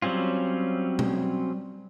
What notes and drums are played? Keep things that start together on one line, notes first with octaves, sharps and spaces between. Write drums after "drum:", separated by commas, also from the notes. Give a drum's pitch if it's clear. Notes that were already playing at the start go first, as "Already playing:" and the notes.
F#3 G3 C4 C#4 F4
drum: tom B2